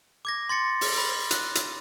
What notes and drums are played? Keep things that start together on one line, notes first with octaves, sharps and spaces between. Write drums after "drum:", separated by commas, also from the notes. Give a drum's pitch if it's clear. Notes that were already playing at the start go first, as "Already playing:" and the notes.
D6 G#6 A#6
C6 A6 A#6 C#7
drum: open hi-hat
B5
F#6, drum: hi-hat
drum: hi-hat